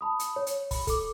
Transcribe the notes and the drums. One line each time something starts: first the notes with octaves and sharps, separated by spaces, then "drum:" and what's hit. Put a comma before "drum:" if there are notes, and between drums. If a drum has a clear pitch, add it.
A5 B5 D#6
drum: hi-hat
C#5
drum: hi-hat
B5, drum: kick, open hi-hat
A4 D6, drum: kick, hi-hat